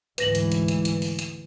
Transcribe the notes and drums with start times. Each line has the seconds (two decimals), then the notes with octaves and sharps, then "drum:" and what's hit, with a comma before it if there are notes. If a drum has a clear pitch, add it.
0.18 D2 G#2 E3 B4 A#6 F#7, drum: hi-hat
0.35 drum: hi-hat
0.52 drum: hi-hat
0.68 drum: hi-hat
0.85 drum: hi-hat
1.02 drum: open hi-hat
1.19 drum: hi-hat